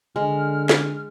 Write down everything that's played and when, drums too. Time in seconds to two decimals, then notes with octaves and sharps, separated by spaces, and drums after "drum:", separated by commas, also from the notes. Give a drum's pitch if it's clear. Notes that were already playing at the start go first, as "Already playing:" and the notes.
0.16 D3 G#3 F6
0.69 drum: snare